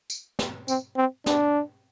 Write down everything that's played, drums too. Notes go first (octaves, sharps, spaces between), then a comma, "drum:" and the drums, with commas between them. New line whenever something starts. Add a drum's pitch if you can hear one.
drum: tambourine
drum: snare
C4, drum: tambourine
C4
D4, drum: snare